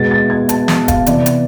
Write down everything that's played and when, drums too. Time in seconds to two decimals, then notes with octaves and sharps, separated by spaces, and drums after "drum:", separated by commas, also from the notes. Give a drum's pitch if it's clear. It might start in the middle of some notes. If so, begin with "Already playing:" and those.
Already playing: B2 G#3 B3 A6
0.11 A6
0.30 G#6
0.49 A5, drum: hi-hat
0.68 A5, drum: snare
0.88 F5, drum: kick E1, hi-hat
1.07 C3 E3 B3 D5, drum: hi-hat
1.26 drum: hi-hat